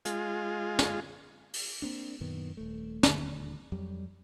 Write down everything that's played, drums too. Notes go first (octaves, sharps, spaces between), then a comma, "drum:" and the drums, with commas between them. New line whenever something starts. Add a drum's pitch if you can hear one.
G#3 F4, drum: hi-hat
drum: snare
drum: open hi-hat
A#3 C4 D4
F#2 A#2 D#3 B3
D#1 A3
D#1 D2 D3, drum: snare
F2 F#3 G3